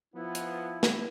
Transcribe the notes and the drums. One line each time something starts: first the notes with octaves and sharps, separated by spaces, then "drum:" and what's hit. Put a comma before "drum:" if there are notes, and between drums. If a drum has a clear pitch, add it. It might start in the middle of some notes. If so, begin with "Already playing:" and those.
F3 B3 E4
drum: hi-hat
drum: snare